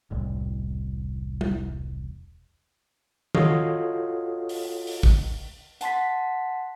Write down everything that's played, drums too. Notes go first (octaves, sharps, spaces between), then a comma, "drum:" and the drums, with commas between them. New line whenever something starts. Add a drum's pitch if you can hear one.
E1 C2 A2
drum: tom
F4 F#4 A4 C#5 D#5 F5, drum: tom D#3
drum: open hi-hat
drum: open hi-hat
drum: kick
F#5 A5 C6 B6, drum: hi-hat